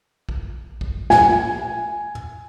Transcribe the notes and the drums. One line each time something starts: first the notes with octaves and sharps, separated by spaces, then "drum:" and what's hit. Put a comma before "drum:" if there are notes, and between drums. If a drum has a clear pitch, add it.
drum: kick A#1
drum: kick A#1
G#5, drum: snare